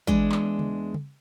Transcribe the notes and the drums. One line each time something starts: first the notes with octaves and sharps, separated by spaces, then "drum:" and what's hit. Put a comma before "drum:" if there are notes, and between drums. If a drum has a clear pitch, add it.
E2 G#3 D4, drum: kick
drum: clap
drum: tom C#3
drum: tom C#3